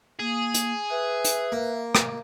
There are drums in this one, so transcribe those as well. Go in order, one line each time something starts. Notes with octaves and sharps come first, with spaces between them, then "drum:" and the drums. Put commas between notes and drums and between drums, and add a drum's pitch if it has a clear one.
A#3 G#4
drum: hi-hat
B4 E5
drum: hi-hat
A#3
drum: rim click